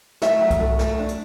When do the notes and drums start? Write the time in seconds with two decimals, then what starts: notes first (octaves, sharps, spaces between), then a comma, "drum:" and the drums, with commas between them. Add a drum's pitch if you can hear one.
0.22 A3 E5, drum: snare
0.41 F#3
0.51 drum: kick C2, hi-hat
0.60 A3
0.79 A3, drum: snare
0.99 D4
1.08 drum: hi-hat